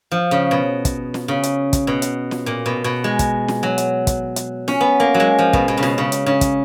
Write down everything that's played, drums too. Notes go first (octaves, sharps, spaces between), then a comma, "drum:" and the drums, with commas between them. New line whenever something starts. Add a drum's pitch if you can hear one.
F3
C#3
B2
drum: kick, hi-hat
drum: snare
C#3
drum: hi-hat
drum: kick, hi-hat
B2
drum: hi-hat
drum: snare
A#2
B2
B2
G#3
drum: kick, hi-hat
drum: snare
F#3
drum: hi-hat
drum: kick, hi-hat
drum: hi-hat
C#4, drum: snare
B3
A#3
F#3
G#3
F3
B2, drum: kick
B2
C#3
B2, drum: snare
C#3
drum: hi-hat
C#3
drum: kick, hi-hat